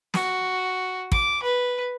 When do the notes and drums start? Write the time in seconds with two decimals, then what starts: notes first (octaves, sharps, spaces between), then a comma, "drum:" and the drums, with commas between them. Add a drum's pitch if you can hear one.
0.14 F#4, drum: snare
1.12 D6, drum: kick
1.42 B4